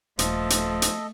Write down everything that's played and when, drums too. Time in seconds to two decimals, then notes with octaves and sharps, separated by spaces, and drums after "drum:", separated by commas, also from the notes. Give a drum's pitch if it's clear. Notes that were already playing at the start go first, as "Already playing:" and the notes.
0.19 D#1 F3 A3 A4 D#5, drum: hi-hat
0.50 drum: hi-hat
0.82 drum: hi-hat